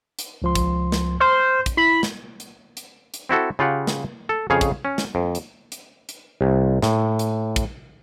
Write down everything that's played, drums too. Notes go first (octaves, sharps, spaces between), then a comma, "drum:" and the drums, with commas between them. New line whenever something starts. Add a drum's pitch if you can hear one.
drum: hi-hat
C#2 F3 C6
drum: kick, hi-hat
drum: snare
C5 F6
drum: kick, hi-hat
E4 B5
drum: snare
drum: hi-hat
drum: hi-hat
drum: hi-hat
C4 E4 F#4 A4
C#3 F4 G4 F#5
drum: snare
A4
F2 C#3 G#4 C#5 F5
drum: kick, hi-hat
C#4
drum: snare
F2
drum: hi-hat
drum: hi-hat
drum: hi-hat
C2
A2, drum: snare
drum: hi-hat
drum: kick, hi-hat